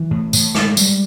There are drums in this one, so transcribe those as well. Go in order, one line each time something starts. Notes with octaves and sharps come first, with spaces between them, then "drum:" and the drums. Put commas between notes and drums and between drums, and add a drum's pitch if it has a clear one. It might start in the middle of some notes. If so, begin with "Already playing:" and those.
Already playing: E3
A2
A2, drum: tambourine
G#3, drum: rim click
G3, drum: tambourine